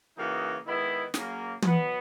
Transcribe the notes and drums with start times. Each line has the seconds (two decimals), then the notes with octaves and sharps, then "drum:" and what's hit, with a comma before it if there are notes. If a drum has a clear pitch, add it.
0.17 C#3 E3 A#3 D#4 F#4
0.65 D#3 G#3 B3 E4
1.14 C#3 F#3 A#3, drum: snare
1.62 B2 F#3 B3, drum: tom